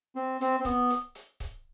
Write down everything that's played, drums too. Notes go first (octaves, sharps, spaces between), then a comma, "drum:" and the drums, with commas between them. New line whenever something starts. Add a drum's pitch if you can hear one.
C4
C4, drum: hi-hat
C4
B3, drum: kick C#1, hi-hat
drum: hi-hat
drum: hi-hat
drum: kick C#1, hi-hat